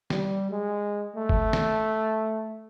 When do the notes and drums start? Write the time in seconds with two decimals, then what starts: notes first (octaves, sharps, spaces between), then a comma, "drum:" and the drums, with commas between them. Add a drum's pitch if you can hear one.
0.10 G3, drum: snare
0.51 G#3
1.16 A3
1.29 drum: kick F#1
1.53 drum: snare